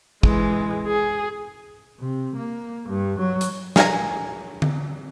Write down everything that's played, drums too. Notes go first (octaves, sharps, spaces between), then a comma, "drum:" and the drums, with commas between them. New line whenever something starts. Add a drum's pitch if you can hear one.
E3 G#3, drum: kick
G#4
C3
A#3
G2
F#3
drum: hi-hat
G#4 A#4 C#5 G#5 A#5, drum: snare
drum: tom D3